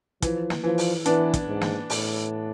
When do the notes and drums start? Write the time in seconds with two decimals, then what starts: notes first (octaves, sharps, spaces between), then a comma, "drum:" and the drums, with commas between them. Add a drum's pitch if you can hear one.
0.22 E3 F3, drum: kick, hi-hat
0.50 drum: snare
0.64 E3 F3
0.78 drum: open hi-hat
1.06 E3 B3 D4, drum: hi-hat
1.34 drum: kick, hi-hat
1.48 G#2
1.61 drum: snare
1.90 A2, drum: open hi-hat